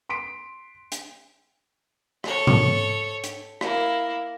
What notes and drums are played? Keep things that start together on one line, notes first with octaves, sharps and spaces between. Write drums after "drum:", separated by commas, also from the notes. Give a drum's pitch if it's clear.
C6 B6 D7
drum: hi-hat
A4 C#5, drum: rim click
drum: tom G#2
drum: hi-hat
A#3 E4, drum: rim click